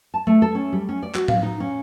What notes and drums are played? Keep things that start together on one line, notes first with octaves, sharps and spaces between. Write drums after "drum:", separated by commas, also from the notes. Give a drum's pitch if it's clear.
A5
A3
A4
C#4
G3
C#4
D5
F#4, drum: clap
F5, drum: tom
D#4
C#4